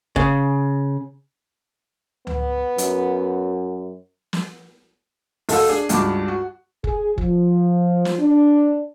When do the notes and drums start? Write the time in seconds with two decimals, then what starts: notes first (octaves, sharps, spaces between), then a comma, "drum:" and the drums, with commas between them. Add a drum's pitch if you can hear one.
0.16 C#3, drum: kick F#1
2.27 B3, drum: tom C#2
2.78 F#2, drum: hi-hat
4.33 drum: snare
5.49 B1 A3 A4 F5 F#5 E6, drum: open hi-hat
5.68 D4 G#4
5.89 C#2 G2 F#4 A5 D6, drum: hi-hat
6.28 F#4
6.84 G#4, drum: kick F#1
7.18 F3, drum: kick F#1
8.05 drum: snare
8.19 D4